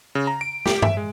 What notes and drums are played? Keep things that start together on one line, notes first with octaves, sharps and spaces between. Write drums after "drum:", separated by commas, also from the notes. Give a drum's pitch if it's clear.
C#3
A#5
D7
G4, drum: snare
E5, drum: tom G2
G#3